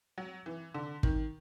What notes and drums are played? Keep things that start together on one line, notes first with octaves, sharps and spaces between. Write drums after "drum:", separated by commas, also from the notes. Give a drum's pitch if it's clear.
F#3
E3
D3
D#3, drum: kick